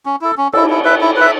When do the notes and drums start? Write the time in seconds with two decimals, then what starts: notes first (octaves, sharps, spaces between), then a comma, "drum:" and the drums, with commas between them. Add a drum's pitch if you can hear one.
0.06 C#4
0.21 E4 A4
0.38 C#4
0.53 E4 A4, drum: cymbal
0.70 E4
0.85 B4 E5
1.01 E4
1.16 B4 E5